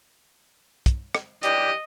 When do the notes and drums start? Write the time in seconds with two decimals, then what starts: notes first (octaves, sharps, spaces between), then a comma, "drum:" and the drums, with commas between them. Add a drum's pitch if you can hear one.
0.86 drum: kick, hi-hat
1.15 drum: rim click
1.43 E3 D4 G4 D#5, drum: hi-hat